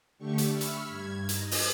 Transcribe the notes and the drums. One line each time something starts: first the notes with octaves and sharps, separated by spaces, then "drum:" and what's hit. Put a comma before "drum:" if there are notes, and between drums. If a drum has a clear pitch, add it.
D3 A3 D4 G4 C#6
drum: hi-hat
E5 B5 C#6 E6 F6
drum: hi-hat
G2 G#6
D#4 D#5, drum: hi-hat
drum: open hi-hat